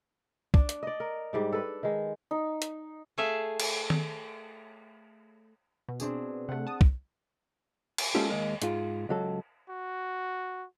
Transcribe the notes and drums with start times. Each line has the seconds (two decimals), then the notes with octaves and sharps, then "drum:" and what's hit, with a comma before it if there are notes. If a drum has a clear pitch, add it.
0.54 D4, drum: kick
0.69 drum: hi-hat
0.83 D5 D#5
1.00 A#4
1.33 G#2 G3 D4
1.52 A4 B4
1.83 D#3 G#3
2.31 D#4
2.62 drum: hi-hat
3.18 A3 G#4 E5 F5
3.60 drum: cymbal
3.90 drum: tom D#3
5.89 B2
6.00 C4 D4 G#4, drum: tambourine
6.49 C3 A3 F#5
6.67 A5 D#6
6.81 drum: kick
7.98 drum: cymbal
8.15 G#3 A#3 C#4 F4 G4 A4
8.29 D#2 G#3 A#3
8.62 G#2 F4, drum: hi-hat
9.09 C#2 F#3 A4
9.69 F#4